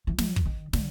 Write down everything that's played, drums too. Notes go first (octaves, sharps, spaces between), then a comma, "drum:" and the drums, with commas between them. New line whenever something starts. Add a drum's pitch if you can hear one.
E3
F3, drum: snare
drum: kick
D#3
D3, drum: snare